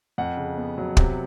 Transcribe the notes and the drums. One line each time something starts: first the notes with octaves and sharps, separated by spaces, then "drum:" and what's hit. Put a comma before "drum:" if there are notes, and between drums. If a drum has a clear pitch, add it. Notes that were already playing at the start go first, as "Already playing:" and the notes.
F2 F#5
C#3
B3
F#3
C3, drum: kick